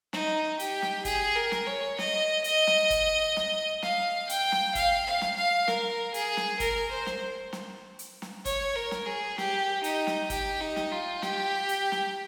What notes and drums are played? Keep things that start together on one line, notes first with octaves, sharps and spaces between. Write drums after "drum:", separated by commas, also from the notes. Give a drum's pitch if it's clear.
D#4, drum: snare
G4, drum: hi-hat
drum: snare
G#4, drum: kick, hi-hat
A#4
drum: snare
C#5
D#5, drum: snare
D#5, drum: hi-hat
drum: snare
drum: kick, hi-hat
drum: snare
F5, drum: snare
G5, drum: hi-hat
drum: snare
F5, drum: kick, hi-hat
F5
drum: snare
F5
A#4, drum: snare
G#4, drum: hi-hat
drum: snare
A#4, drum: kick, hi-hat
C5
drum: snare
drum: snare
drum: hi-hat
drum: snare
C#5, drum: kick, hi-hat
A#4
drum: snare
G#4
G4, drum: snare
D#4, drum: hi-hat
drum: snare
G4, drum: kick, hi-hat
D#4
drum: snare
F4
G4, drum: snare
drum: hi-hat
drum: snare